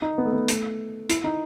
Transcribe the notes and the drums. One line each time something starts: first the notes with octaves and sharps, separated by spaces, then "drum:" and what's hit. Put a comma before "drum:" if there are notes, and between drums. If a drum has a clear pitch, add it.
D#4
B3
A3
B3
A3, drum: hi-hat
E4, drum: hi-hat
D#4